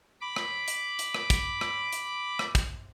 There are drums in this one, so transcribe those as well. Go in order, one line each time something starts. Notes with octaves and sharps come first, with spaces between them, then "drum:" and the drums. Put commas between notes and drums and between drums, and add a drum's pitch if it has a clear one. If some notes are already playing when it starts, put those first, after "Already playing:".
B5 D6
drum: rim click
drum: hi-hat
drum: hi-hat
drum: rim click
drum: kick, hi-hat
drum: rim click
drum: hi-hat
drum: rim click
drum: kick, hi-hat